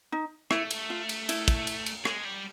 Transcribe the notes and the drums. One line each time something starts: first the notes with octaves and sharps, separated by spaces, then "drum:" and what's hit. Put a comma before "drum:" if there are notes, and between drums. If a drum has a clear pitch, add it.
D#4
A3 E4, drum: rim click
drum: cymbal
F4
drum: cymbal
E4, drum: cymbal
drum: kick, cymbal
drum: cymbal
drum: cymbal
G#3, drum: rim click
G3